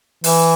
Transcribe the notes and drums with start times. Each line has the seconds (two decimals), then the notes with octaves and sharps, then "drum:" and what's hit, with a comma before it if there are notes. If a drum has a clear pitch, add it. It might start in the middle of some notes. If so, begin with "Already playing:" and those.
0.24 E3, drum: open hi-hat